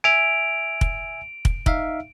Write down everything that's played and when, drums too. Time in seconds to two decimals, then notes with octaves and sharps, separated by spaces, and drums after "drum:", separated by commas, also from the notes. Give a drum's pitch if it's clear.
0.04 E5 G#5 D7 F7
0.81 drum: kick
1.45 drum: kick
1.66 D#4 E5 F5, drum: kick